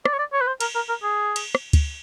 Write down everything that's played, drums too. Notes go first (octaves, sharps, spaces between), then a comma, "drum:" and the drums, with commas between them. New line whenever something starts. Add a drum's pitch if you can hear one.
D5, drum: rim click
C#5
D5
C#5
B4
C5
A#4, drum: cymbal
A#4
A#4
G#4
drum: cymbal
drum: rim click
drum: kick, cymbal